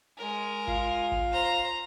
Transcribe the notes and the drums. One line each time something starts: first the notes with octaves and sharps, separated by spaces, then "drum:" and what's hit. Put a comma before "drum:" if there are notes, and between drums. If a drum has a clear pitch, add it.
G#3 A#4
F4, drum: kick G1
drum: kick G1
C5 A#5